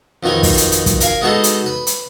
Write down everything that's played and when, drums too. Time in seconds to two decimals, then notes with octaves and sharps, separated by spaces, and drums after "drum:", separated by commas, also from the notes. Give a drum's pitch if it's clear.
0.23 F2 B2 D#3 D#4 G#5
0.43 drum: kick, open hi-hat
0.57 drum: hi-hat
0.72 drum: hi-hat
0.86 drum: kick, hi-hat
1.00 A#4 F5 G#5, drum: hi-hat
1.21 G#3 B3 D#4 F#4 A4 D#5
1.44 drum: hi-hat
1.66 B4
1.87 drum: hi-hat